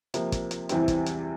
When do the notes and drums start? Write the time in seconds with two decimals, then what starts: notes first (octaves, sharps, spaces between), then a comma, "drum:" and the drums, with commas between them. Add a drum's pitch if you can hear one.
0.14 C3 F3 A#3, drum: hi-hat
0.32 drum: kick, hi-hat
0.51 drum: hi-hat
0.69 E2 C3 E3 G3 C4, drum: hi-hat
0.88 drum: kick, hi-hat
1.06 drum: hi-hat